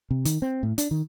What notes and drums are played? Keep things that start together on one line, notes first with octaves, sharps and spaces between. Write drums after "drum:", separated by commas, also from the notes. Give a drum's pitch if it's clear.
C3
D#3, drum: hi-hat
C4
A2
D4, drum: hi-hat
D#3